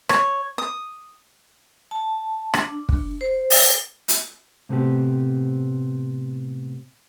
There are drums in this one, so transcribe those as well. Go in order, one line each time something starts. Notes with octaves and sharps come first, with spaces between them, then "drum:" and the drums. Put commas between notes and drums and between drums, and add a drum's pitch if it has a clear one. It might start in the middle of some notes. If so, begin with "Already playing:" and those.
C#5, drum: rim click
D#6
A5
D4, drum: rim click
drum: kick
C5
drum: open hi-hat
drum: hi-hat
A2 C3 A3 B3 C4 G4